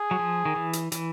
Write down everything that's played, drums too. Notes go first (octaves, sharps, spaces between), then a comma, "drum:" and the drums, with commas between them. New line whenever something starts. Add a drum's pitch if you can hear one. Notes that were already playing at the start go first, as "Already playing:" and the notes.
Already playing: G#4
F#3
F3
D#3
E3
drum: hi-hat
E3, drum: hi-hat